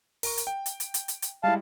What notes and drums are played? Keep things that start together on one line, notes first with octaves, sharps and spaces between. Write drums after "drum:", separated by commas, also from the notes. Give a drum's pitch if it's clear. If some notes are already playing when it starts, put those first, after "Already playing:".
A#4 A#5 C#6, drum: open hi-hat
drum: hi-hat
G5
drum: hi-hat
drum: hi-hat
drum: hi-hat
drum: hi-hat
drum: hi-hat
G3 G#3 E4 F5 A5